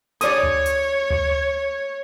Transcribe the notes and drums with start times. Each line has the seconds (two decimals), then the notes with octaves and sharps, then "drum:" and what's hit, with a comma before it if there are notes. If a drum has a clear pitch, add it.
0.21 C#5 D5 D#6, drum: hi-hat
0.43 drum: tom D2
0.66 drum: hi-hat
1.10 drum: tom D2